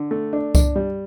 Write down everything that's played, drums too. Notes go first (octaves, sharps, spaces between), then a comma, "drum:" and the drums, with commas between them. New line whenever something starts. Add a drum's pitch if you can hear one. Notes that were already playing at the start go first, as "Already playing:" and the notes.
Already playing: D3
A3
D4
D4, drum: kick C2, tambourine
G3